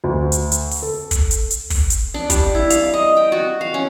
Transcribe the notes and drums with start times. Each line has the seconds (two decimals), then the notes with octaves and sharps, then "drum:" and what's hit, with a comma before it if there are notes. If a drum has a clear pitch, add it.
0.04 D2
0.32 drum: hi-hat
0.52 drum: hi-hat
0.71 drum: open hi-hat
0.82 A4
1.11 drum: kick, hi-hat
1.31 drum: hi-hat
1.50 drum: hi-hat
1.70 drum: kick, open hi-hat
1.90 drum: hi-hat
2.14 D4
2.30 G3, drum: kick, hi-hat
2.55 E4
2.70 F5, drum: hi-hat
2.94 D#5
3.17 G5
3.32 F#4
3.61 F5
3.74 C#4